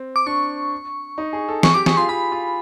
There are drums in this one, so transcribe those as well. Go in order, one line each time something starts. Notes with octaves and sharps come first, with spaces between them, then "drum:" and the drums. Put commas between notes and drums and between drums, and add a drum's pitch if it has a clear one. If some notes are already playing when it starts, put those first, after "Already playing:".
Already playing: C4
D6
D4 C#6
D#4
G#4
A4
G#4 C#6, drum: snare
G4 D6
G#4 C#6, drum: snare
F4 C6
F4 B5
F4